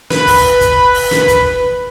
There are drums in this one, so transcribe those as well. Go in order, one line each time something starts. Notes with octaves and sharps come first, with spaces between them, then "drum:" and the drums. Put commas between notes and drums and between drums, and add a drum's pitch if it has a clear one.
B4 B5, drum: snare
drum: kick, open hi-hat
drum: kick, hi-hat
drum: open hi-hat
drum: snare
drum: kick, hi-hat